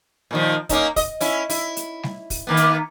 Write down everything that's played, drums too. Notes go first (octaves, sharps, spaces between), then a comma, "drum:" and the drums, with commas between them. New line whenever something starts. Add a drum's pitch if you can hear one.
A#2 D#3 F3
A#3 C#4 D#4, drum: kick, hi-hat
D#5, drum: kick, open hi-hat
C#4 E4, drum: open hi-hat
E4, drum: open hi-hat
drum: hi-hat
drum: snare G3
drum: kick, open hi-hat
D#3 A#3 B3
drum: hi-hat